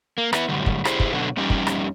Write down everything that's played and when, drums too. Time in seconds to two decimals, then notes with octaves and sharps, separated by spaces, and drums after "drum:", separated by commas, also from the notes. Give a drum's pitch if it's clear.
0.18 A#3
0.33 B3 E4, drum: rim click
0.49 F#2 A2 D3 G3
0.66 drum: kick
0.85 E4 G4 G#4 C5, drum: rim click
1.00 drum: kick
1.12 B2 D3 F#3
1.37 F2 G3 C#4 D#4 G4
1.50 drum: kick
1.67 drum: rim click